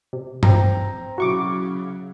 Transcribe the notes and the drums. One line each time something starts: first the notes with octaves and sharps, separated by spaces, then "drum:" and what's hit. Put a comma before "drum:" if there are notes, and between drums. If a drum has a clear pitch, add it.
C3
C4 G5 A#5, drum: tom G2
C#3 F#3 E4 F#4 C#6 D6